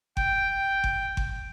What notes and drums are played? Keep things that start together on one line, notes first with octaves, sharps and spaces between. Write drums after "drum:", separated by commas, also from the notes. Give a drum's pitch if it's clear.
G5, drum: kick G1
drum: kick G1
drum: kick G1